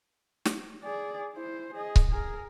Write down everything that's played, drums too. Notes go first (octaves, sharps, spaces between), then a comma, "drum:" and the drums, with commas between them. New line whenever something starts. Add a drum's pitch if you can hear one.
drum: snare
G#4 D5
E4 C5
G#4 D#5
drum: kick C#1
G#4 A#4